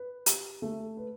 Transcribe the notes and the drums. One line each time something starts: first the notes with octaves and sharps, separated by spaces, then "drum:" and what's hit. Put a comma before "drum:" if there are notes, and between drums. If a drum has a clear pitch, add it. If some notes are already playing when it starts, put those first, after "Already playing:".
Already playing: B4
G4, drum: hi-hat
A3
B4